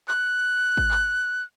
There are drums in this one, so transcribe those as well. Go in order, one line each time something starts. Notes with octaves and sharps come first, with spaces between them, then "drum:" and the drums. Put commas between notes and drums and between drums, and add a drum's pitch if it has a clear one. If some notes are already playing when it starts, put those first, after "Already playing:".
F#6, drum: clap
drum: kick G#1
drum: clap